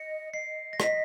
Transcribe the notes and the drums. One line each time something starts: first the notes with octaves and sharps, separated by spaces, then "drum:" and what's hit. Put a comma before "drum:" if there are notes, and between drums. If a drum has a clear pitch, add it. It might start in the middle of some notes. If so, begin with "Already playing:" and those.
Already playing: D#5 C#7
D#5 C7
A#6
D#5 B6, drum: rim click